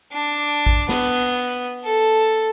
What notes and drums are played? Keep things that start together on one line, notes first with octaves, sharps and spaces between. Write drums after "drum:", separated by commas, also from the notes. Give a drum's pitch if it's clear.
D4
drum: kick A1
B3, drum: snare
A4